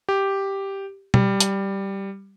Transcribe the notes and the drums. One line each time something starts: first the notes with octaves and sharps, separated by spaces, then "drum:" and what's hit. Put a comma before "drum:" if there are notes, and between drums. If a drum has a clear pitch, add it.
G4
G3, drum: tom B2
drum: hi-hat